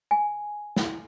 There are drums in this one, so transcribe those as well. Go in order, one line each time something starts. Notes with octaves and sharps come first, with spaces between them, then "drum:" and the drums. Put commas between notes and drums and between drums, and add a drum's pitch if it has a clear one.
G#5
drum: snare